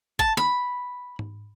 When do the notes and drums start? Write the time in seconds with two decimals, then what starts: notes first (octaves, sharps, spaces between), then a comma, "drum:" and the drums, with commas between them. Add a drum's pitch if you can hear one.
0.19 A5, drum: kick G#1
0.37 B5, drum: snare
1.19 drum: tom G#2